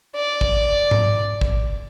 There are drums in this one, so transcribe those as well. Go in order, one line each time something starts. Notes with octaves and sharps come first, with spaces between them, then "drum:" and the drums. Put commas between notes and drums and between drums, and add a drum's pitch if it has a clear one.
D5
drum: kick
drum: tom G#2
drum: kick